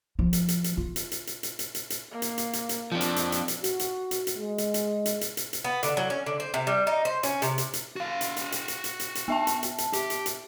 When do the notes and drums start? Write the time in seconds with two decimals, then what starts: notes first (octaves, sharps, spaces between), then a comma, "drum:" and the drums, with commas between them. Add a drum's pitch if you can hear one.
0.19 F3
0.33 drum: hi-hat
0.48 drum: hi-hat
0.64 drum: hi-hat
0.77 F4
0.96 drum: hi-hat
1.12 drum: hi-hat
1.27 drum: hi-hat
1.43 drum: hi-hat
1.59 drum: hi-hat
1.75 drum: hi-hat
1.90 drum: hi-hat
2.11 A#3
2.22 drum: hi-hat
2.38 drum: hi-hat
2.53 drum: hi-hat
2.69 drum: hi-hat
2.92 F3 C4 D4
3.01 drum: hi-hat
3.16 drum: hi-hat
3.32 drum: hi-hat
3.48 drum: hi-hat
3.64 F#4, drum: hi-hat
3.79 drum: hi-hat
4.11 drum: hi-hat
4.27 drum: hi-hat
4.37 G#3
4.58 drum: hi-hat
4.74 drum: hi-hat
5.06 drum: hi-hat
5.21 drum: hi-hat
5.37 drum: hi-hat
5.53 drum: hi-hat
5.64 B3
5.83 D3, drum: hi-hat
5.97 F#3
6.10 C#4
6.26 D3
6.40 C5
6.54 C3
6.67 G3
6.87 D#4
7.05 C5
7.23 C#4, drum: hi-hat
7.42 C3, drum: hi-hat
7.58 drum: hi-hat
7.74 drum: hi-hat
7.96 F#4 F5
8.21 drum: hi-hat
8.37 drum: hi-hat
8.52 drum: hi-hat
8.68 drum: hi-hat
8.84 drum: hi-hat
9.00 drum: hi-hat
9.15 drum: hi-hat
9.28 B3 E5 A5
9.47 drum: hi-hat
9.63 drum: hi-hat
9.78 drum: hi-hat
9.93 G4, drum: hi-hat
10.10 drum: hi-hat
10.26 drum: hi-hat